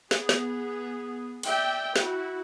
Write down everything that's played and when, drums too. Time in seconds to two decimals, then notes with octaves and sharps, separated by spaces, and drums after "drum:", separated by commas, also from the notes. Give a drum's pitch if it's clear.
0.11 B3 G#4, drum: snare
0.29 drum: snare
1.43 D5 E5 G5, drum: cymbal
1.96 E4 F#4, drum: snare